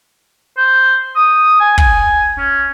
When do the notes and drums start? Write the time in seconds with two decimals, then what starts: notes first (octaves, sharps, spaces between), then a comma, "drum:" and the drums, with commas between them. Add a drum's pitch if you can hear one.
0.57 C5
1.16 D#6
1.60 G#5
1.78 G#5, drum: kick
2.38 C#4